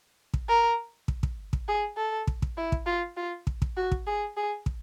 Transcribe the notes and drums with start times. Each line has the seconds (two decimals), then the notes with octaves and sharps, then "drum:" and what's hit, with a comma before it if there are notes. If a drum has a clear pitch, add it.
0.34 drum: kick
0.49 A#4
1.08 drum: kick
1.23 drum: kick
1.53 drum: kick
1.68 G#4
1.97 A4
2.27 drum: kick
2.42 drum: kick
2.58 E4
2.72 drum: kick
2.87 F4
3.17 F4
3.47 drum: kick
3.62 drum: kick
3.77 F#4
3.92 drum: kick
4.07 G#4
4.37 G#4
4.66 drum: kick